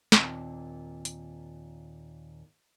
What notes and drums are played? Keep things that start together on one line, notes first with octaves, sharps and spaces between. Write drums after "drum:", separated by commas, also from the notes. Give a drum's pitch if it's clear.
D#2 A#2 C4 A5, drum: snare
drum: hi-hat